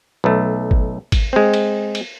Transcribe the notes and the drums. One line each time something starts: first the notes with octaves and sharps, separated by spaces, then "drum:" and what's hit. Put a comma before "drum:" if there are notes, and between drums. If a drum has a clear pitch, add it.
B1 A3
drum: kick G#1
drum: kick G#1, cymbal
G#3 C4
drum: cymbal
drum: cymbal